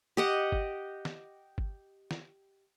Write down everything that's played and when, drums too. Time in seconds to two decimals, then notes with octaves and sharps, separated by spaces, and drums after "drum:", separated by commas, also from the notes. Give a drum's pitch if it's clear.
0.17 G4 D#5 F#5
0.52 drum: kick G1
1.05 drum: snare
1.58 drum: kick G1
2.11 drum: snare